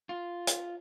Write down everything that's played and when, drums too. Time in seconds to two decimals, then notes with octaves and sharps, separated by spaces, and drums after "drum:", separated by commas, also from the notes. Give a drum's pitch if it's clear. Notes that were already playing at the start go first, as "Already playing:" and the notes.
0.09 F4
0.47 drum: hi-hat